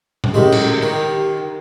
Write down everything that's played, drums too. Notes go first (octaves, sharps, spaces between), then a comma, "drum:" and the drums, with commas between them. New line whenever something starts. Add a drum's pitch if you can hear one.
drum: tom A#2
F#2 A2 G#3 G4
drum: cymbal
D#3